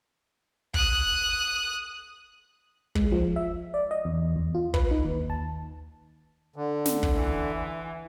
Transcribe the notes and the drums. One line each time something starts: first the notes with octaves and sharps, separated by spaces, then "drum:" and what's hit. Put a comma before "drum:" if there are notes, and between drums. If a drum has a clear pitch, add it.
D#6 F#6, drum: kick
G#3, drum: kick
F3
E5
D5
D#5
E2
E2
F4
B4, drum: kick
D#4
D#2
A5
D3
drum: snare
drum: kick
E3